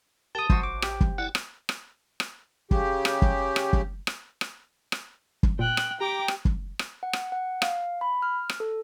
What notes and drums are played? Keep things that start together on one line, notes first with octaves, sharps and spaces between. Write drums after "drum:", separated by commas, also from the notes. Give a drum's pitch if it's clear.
G4 A#4 G5 A5 D#6
F#4 C5 E5, drum: kick
A1 D6
G4, drum: rim click
drum: kick
E4 D5 F#5 A5
drum: rim click
drum: rim click
drum: rim click
C#3 G4, drum: kick
drum: rim click
drum: kick
drum: rim click
drum: kick
drum: rim click
drum: rim click
drum: rim click
drum: kick
A#2 G5 F#6
drum: rim click
G4 G5 A#5 D6
drum: rim click
drum: kick
drum: rim click
F#5
drum: rim click
F#5
F5, drum: rim click
B5
F6
drum: rim click
A4